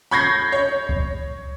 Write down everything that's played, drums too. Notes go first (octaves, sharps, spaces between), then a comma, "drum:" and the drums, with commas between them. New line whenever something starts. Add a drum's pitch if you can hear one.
B5 C#6 G6 G#6 A#6 C7
C#5
drum: kick C#2